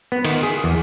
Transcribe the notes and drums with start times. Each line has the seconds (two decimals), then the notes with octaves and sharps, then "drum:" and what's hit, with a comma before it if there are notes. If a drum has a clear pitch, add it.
0.12 B3
0.24 D#3, drum: cymbal
0.43 G#4
0.64 E2